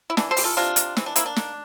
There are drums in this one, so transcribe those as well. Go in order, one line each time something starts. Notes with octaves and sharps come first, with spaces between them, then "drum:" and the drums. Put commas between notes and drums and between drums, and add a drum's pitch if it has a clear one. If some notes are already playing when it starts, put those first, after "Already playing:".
E4
E3 D4, drum: snare
A4 C5
E3 G4, drum: open hi-hat
F4 A4
C3 D4 F4
C3, drum: hi-hat
E3 C4, drum: snare
D4
A#3 C4 E4, drum: hi-hat
D4
A#3, drum: snare